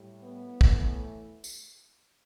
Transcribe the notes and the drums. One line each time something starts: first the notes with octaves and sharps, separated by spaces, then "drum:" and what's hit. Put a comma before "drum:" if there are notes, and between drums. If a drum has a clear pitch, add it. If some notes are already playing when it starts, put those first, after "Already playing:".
Already playing: A2 G3
B3
A2 E3 A3, drum: kick
drum: tambourine